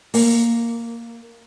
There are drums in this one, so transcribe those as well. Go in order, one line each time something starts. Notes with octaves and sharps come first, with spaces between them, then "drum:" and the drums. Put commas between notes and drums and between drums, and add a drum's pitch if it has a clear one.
A#3, drum: open hi-hat